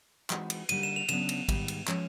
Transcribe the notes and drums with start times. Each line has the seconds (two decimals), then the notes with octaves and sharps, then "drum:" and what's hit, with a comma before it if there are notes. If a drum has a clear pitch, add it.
0.30 E3 G#3 C4 D#4 F#4, drum: clap
0.50 drum: cymbal
0.69 D3 G3 A#3 D#4 D#7, drum: cymbal
0.83 E7
0.96 F7
1.09 C#3 F#3 B3 D4 E7, drum: cymbal
1.29 drum: cymbal
1.49 G#2 D#3 G3, drum: kick, cymbal
1.68 drum: cymbal
1.88 F3 G#3 C#4, drum: clap